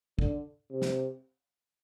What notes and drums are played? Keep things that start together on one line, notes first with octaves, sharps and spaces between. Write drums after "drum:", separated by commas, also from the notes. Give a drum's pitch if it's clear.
D3, drum: kick
C3
drum: snare